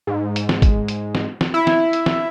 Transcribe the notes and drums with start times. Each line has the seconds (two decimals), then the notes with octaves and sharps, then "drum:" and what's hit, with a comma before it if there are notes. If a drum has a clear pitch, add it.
0.07 G#2
0.36 drum: hi-hat
0.49 drum: snare
0.62 drum: kick, hi-hat
0.88 drum: hi-hat
1.15 drum: snare
1.41 drum: snare
1.54 E4
1.67 drum: snare
1.93 drum: hi-hat
2.06 drum: snare